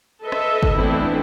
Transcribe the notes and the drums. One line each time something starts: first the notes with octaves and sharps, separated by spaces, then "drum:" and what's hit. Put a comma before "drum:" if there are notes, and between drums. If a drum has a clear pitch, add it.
A4 B4 D#5 E5
drum: rim click
drum: kick G1
E3 A3 B3 C4 D4 E4